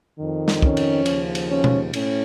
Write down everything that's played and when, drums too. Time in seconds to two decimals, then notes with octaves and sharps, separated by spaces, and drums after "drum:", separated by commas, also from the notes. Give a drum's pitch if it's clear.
0.19 F2 D#3
0.48 drum: snare
0.62 C#4, drum: kick
0.77 drum: cymbal
1.06 D#2 C#3 F3, drum: cymbal
1.35 drum: cymbal
1.49 C#4
1.64 drum: tom B2
1.93 A2 C#4, drum: cymbal